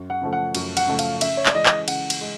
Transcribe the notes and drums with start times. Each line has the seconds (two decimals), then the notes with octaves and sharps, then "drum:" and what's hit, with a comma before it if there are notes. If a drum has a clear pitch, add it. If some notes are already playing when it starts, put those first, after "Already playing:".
Already playing: F#2
0.10 F#5
0.21 C#3 F3 A3
0.33 F#5
0.55 F#2, drum: cymbal
0.77 F#5, drum: cymbal
0.87 C#3 F3 A3
0.99 F5, drum: cymbal
1.21 C#3 E5, drum: cymbal
1.37 C#5
1.46 D5, drum: clap
1.54 E3 G#3 D#5
1.66 drum: clap
1.88 C#3 F#5, drum: cymbal
2.10 drum: cymbal
2.21 G#3